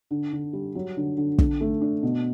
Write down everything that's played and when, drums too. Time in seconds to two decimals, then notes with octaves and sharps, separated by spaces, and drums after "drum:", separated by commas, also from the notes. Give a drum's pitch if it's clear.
0.11 D3
0.33 D3
0.53 G3
0.75 F#3
0.97 D3
1.17 D3
1.38 D3, drum: kick
1.61 A3
1.81 D4
2.03 B2